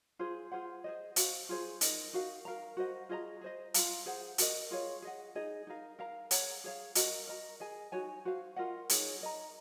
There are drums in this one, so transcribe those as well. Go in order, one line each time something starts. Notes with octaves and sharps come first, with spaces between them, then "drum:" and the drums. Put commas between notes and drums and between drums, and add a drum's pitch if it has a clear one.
F4 G#4 C5
F4 G#4 C5 F#5
G#4 C5 D#5
F#4 C5 F5, drum: hi-hat
F4 G#4 C5
D#4 A#4 D#5, drum: hi-hat
D#4 F#4 A#4 F5
A#4 F5 A#5
F#4 C5 D#5 F#5
F4 G#4 D#5 A#5
G#4 C5 D#5
F4 A#4 F5 A#5, drum: hi-hat
G#4 C5 F#5
F#4 A#4 D#5, drum: hi-hat
F4 G#4 C#5 F5
G#4 D#5 F#5
D#4 G#4 D#5
D#4 A#4 F5
A#4 F5 A#5
G#4 C#5 F#5 A#5, drum: hi-hat
G#4 C#5 F5
F#4 A#4 D#5 A#5, drum: hi-hat
A#4 D#5 A#5
G#4 D#5 G#5
D#4 F#4 C#5 G#5
F#4 C5 F5
F4 A#4 D#5 F#5
D#4 G#4 C#5, drum: hi-hat
A#4 D#5 A#5